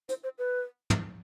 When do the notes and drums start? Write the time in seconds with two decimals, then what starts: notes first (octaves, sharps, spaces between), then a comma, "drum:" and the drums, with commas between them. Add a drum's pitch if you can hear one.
0.09 C5, drum: hi-hat
0.24 C5
0.38 B4
0.90 drum: tom